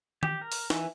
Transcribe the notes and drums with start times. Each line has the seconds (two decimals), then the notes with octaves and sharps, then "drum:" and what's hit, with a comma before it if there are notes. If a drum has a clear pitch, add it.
0.23 G4, drum: tom D#3
0.41 A#4
0.52 drum: open hi-hat
0.70 E3, drum: snare